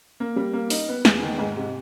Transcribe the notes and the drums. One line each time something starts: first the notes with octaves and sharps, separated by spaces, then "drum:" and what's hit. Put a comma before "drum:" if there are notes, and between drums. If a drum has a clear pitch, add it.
A#3
G3
A#3
D#4, drum: open hi-hat
B3
E2, drum: snare
D#3
G#2
C3